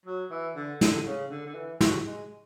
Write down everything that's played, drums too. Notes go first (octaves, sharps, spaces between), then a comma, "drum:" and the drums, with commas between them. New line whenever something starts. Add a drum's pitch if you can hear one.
F#3
E3
D3
D3, drum: snare
C#3
D3
D3
E3
F#3, drum: snare
G#3